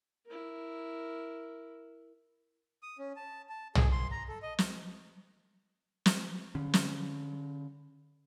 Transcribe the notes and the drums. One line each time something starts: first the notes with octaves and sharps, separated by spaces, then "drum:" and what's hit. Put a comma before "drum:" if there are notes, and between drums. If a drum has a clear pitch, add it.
E4 A#4
D#6
C#4
A5
A5
G#4, drum: tom
C6
A#5
A4
D#5
drum: snare
drum: snare
D3 C#4
drum: snare